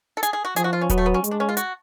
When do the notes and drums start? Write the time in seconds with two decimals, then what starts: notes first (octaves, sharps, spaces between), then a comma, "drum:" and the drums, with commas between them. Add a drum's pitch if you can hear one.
0.17 A4
0.23 G#4, drum: hi-hat
0.33 G#4
0.45 F#4
0.56 F3 G#4, drum: hi-hat
0.64 F#4
0.73 F4
0.81 C#4
0.89 F#3 B3, drum: kick D#1, hi-hat
0.98 A3
1.06 B3
1.14 C#4
1.24 G#3, drum: hi-hat
1.31 D4
1.40 C#4
1.49 F4
1.57 F#4, drum: hi-hat